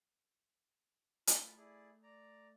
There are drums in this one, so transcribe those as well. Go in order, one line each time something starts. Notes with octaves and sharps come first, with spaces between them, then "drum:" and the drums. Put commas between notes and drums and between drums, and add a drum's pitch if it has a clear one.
A3 F4 A5 B5, drum: hi-hat
E4 G#4 D5
D5 A#5